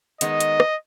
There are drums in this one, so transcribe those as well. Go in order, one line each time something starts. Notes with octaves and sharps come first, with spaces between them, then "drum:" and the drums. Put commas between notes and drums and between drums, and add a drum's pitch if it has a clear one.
D#3 G#3 B3 D#4 D#5, drum: hi-hat
drum: hi-hat
drum: rim click